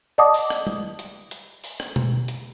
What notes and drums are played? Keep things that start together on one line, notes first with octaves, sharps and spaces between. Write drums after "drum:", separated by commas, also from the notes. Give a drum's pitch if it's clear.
D5 D#5 F#5 A5 D6 D#6
drum: open hi-hat
drum: rim click
drum: tom
drum: hi-hat
drum: hi-hat
drum: open hi-hat
drum: rim click
drum: tom B2
drum: hi-hat